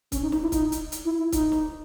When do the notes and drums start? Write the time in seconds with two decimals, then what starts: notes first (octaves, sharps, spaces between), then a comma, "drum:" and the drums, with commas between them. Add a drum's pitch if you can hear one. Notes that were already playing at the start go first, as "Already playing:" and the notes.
0.12 C#4, drum: kick, hi-hat
0.22 D#4
0.32 D#4, drum: snare
0.42 E4
0.52 D#4, drum: kick, hi-hat
0.72 drum: hi-hat
0.92 drum: hi-hat
1.05 E4
1.19 E4
1.32 D#4, drum: kick, hi-hat
1.52 drum: snare